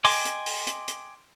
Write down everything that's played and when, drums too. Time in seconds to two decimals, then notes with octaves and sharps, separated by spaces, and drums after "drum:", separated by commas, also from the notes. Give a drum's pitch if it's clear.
0.04 D#5 G5 G#5 C6 D6, drum: open hi-hat
0.25 drum: hi-hat
0.46 drum: open hi-hat
0.67 drum: hi-hat
0.88 drum: hi-hat